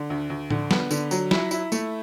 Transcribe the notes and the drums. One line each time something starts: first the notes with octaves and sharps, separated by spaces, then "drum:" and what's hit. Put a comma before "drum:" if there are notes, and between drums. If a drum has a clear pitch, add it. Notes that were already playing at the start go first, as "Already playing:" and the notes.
Already playing: D3
D2
D2
D3, drum: tom A2
B3, drum: snare
D3, drum: tambourine
F#3, drum: tambourine
E4, drum: snare
E4, drum: tambourine
A3, drum: tambourine